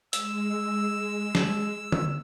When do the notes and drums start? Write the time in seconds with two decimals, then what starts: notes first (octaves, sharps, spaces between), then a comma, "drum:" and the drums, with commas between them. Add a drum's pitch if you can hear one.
0.13 G#3 E6, drum: hi-hat
1.35 drum: snare
1.92 drum: tom D3